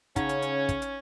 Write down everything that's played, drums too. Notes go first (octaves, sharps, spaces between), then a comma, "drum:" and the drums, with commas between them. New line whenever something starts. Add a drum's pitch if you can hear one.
C#3 C#4 D#4 C#5 F#5 A#5, drum: kick, hi-hat
drum: hi-hat
drum: hi-hat
drum: kick, hi-hat
drum: hi-hat